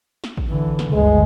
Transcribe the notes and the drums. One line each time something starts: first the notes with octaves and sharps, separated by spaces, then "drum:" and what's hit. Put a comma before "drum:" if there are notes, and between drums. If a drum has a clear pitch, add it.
drum: snare
drum: kick
D3 E3
drum: snare
G1 D2 G#3